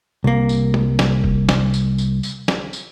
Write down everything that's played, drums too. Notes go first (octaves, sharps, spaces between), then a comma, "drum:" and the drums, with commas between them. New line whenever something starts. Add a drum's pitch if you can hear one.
C2 A#3
drum: tambourine
drum: tom
drum: snare
drum: kick
drum: snare
drum: tambourine
drum: tambourine
drum: tambourine
drum: snare
drum: tambourine